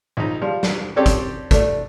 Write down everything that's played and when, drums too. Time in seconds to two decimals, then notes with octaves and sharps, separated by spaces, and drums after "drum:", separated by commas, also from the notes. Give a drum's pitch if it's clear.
0.17 A#1 D#4
0.41 F3 G3
0.63 drum: snare
0.96 C4 C#4 G4 A4 C#5 D5
1.06 drum: kick, hi-hat
1.51 A3 D4, drum: kick, hi-hat